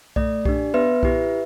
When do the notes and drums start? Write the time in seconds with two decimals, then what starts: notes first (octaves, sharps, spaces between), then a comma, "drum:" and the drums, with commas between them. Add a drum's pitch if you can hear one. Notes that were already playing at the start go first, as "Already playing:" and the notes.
0.16 A3 D5, drum: kick B1
0.45 D4 G4, drum: kick B1
0.74 B3 B4 E5
1.03 E4 G4, drum: kick B1